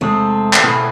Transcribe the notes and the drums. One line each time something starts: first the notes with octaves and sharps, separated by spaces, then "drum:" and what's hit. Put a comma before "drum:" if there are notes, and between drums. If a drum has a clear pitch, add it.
E2 C3 G#3 A3 C4
drum: clap
B2 B3 E4 G#4 B4